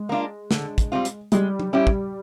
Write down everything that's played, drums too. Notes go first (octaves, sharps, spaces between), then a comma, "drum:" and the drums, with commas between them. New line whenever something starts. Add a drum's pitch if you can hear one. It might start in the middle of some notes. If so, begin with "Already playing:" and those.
Already playing: G#3
A#3 D4 F4
D3, drum: snare
drum: kick, hi-hat
G3 C4 F4
drum: hi-hat
G3 G#3, drum: hi-hat
drum: tom F#3
C#4 E4 G4
drum: kick